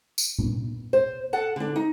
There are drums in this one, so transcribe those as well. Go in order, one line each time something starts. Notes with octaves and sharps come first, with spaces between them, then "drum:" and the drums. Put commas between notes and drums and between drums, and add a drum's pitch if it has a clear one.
drum: tambourine
drum: tom A#2
C5
A4 F#5 A5
D3 D4
D#4